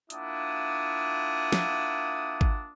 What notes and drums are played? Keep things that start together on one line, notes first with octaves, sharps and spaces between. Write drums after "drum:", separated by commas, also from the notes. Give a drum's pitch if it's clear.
A#3 D4 E4 F4 F#5 D#6, drum: hi-hat
drum: snare
drum: kick G#1